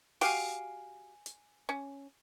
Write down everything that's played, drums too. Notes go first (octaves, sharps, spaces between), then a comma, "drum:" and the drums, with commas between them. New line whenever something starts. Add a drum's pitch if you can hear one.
F#4 G4 F5 G#5 C7 D7, drum: open hi-hat
drum: hi-hat
C#4